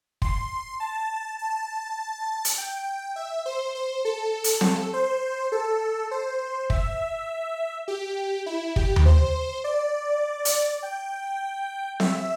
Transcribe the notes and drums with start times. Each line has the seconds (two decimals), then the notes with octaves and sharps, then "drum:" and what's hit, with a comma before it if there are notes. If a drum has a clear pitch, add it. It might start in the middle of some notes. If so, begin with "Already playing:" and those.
0.22 C6, drum: kick
0.80 A5
1.39 A5
2.45 drum: hi-hat
2.58 G5
3.16 E5
3.46 C5
3.75 C5
4.05 A4
4.44 drum: hi-hat
4.61 drum: snare C4
4.93 C5
5.52 A4
6.11 C5
6.70 E5, drum: kick
7.88 G4
8.46 E4
8.76 G4, drum: kick
8.96 drum: tom D#2
9.05 C5
9.64 D5
10.45 drum: hi-hat
10.83 G5
12.00 E5, drum: snare C4